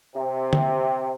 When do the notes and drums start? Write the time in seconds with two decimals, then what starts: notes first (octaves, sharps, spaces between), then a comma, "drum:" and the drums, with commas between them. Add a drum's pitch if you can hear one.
0.15 C3
0.53 drum: tom D3